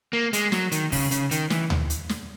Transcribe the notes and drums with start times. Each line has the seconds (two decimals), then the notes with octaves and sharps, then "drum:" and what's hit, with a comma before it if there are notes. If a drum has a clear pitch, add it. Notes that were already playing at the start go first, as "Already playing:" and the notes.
0.13 A#3
0.33 G#3, drum: hi-hat
0.52 F#3, drum: snare
0.72 D#3, drum: hi-hat
0.92 C#3, drum: kick, open hi-hat
1.11 C#3, drum: hi-hat
1.31 D#3, drum: hi-hat
1.50 E3, drum: snare
1.70 drum: tom D2
1.90 drum: hi-hat
2.09 drum: snare